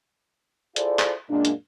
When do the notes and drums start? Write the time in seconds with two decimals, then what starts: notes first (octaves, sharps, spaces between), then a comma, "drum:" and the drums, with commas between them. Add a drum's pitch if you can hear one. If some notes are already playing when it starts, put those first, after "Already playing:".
0.76 E4 F4 G#4 A4 C5 D5, drum: hi-hat
0.99 drum: clap
1.29 F#2 A#2 G#3 A#3 D4
1.45 drum: hi-hat